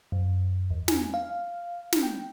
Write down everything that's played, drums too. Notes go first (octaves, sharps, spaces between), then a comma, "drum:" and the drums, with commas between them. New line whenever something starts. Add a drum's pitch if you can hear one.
F#2
E2
G#5, drum: snare
F5
drum: snare
G5